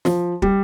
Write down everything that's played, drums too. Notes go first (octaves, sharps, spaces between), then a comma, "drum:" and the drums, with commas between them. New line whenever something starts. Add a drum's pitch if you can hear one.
F3, drum: snare
G3, drum: kick